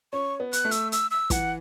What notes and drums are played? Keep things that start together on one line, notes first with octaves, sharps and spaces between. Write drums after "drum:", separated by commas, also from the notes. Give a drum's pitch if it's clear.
C#4 C#6
B3
F#6, drum: hi-hat
A3
E6, drum: hi-hat
E6, drum: hi-hat
E6
E3 F#5, drum: kick, hi-hat